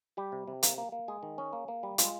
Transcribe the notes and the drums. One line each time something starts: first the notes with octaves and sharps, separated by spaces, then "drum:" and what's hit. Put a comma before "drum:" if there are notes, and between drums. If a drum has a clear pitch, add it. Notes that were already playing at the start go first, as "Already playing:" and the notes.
G3 G4
C3
C3
A#3, drum: hi-hat
A#3
A#3
G#3 G#4
D#3
C#4
A#3
A#3
G3
G#3 F4, drum: hi-hat